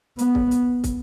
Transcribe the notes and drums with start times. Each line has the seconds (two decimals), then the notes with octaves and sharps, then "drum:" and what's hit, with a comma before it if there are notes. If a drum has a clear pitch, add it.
0.19 B3, drum: hi-hat
0.35 drum: kick
0.51 drum: hi-hat
0.84 drum: kick, hi-hat